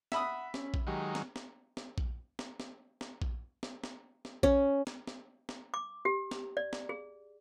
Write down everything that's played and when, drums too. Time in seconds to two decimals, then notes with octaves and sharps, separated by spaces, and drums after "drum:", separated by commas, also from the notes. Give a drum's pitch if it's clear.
0.12 E5 F#5 B5 D#6, drum: snare
0.54 C#4, drum: snare
0.74 drum: kick A#1
0.87 D#3 F#3 G#3 G4
1.15 drum: snare
1.36 drum: snare
1.77 drum: snare
1.98 drum: kick A#1
2.39 drum: snare
2.60 drum: snare
3.01 drum: snare
3.22 drum: kick A#1
3.63 drum: snare
3.84 drum: snare
4.25 drum: snare
4.43 C#4, drum: kick A#1
4.87 drum: snare
5.07 drum: snare
5.49 drum: snare
5.74 D6
6.05 G4
6.31 drum: snare
6.57 D5
6.73 drum: snare
6.89 G#4